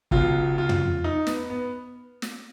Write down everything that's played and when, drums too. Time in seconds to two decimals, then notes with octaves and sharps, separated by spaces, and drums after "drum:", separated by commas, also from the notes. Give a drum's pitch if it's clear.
0.11 C#2 B2 F#3 F4, drum: kick
0.58 F4
0.69 drum: tom
1.04 D#4
1.27 B3, drum: snare
1.50 B3
2.22 drum: snare